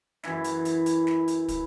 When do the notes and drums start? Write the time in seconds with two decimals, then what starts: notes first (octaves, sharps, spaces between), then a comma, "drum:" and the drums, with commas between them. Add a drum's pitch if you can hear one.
0.23 F#2 E3 E4, drum: snare
0.44 drum: hi-hat
0.65 drum: hi-hat
0.86 drum: hi-hat
1.07 drum: snare
1.28 drum: hi-hat
1.48 drum: kick, hi-hat